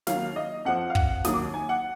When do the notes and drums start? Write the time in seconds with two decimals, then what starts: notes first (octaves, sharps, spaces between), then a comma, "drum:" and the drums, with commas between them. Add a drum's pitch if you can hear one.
0.07 D#2 D#3 F#3 F5, drum: snare
0.36 D#5
0.65 F2 F3 F#5
0.90 F5
0.95 F#5, drum: kick
1.24 D#2 D#3 F#3 D#6, drum: snare
1.34 D6
1.54 G#5
1.69 F#5